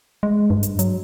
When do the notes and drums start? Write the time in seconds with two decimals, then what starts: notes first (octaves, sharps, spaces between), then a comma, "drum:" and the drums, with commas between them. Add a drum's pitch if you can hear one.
0.23 G#3
0.50 G2
0.63 drum: hi-hat
0.79 F#3, drum: hi-hat